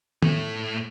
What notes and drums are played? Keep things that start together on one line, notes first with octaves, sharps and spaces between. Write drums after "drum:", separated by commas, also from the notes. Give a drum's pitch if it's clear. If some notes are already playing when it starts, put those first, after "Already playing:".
A2 A3, drum: tom D#3